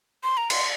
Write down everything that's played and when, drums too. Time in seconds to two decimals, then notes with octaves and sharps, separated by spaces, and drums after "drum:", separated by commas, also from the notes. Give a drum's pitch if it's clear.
0.24 C6
0.37 A#5
0.50 C6, drum: cymbal